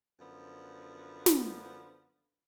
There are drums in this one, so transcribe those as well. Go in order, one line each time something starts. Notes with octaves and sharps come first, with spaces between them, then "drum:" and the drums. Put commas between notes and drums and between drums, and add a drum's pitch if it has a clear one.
F#2 D3 F3 B3
drum: snare